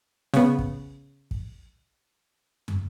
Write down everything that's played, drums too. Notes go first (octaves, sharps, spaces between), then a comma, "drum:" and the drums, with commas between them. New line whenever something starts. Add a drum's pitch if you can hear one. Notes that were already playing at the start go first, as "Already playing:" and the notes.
C#3 B3, drum: snare
drum: kick
drum: kick
drum: tom